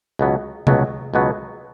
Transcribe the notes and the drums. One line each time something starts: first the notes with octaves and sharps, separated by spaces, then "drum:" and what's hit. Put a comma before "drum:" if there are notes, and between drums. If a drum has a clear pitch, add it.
C#2 B2 F#3 B3
C#2 B2 F#3 B3, drum: tom C3
C#2 B2 F#3 B3